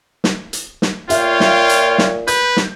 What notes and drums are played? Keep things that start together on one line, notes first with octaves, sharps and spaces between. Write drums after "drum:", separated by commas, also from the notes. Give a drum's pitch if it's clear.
drum: snare
drum: hi-hat
drum: snare
A#2 F4 C#5 E5 F5 G5, drum: hi-hat
drum: snare
drum: hi-hat
drum: snare
B4 G6, drum: hi-hat
drum: snare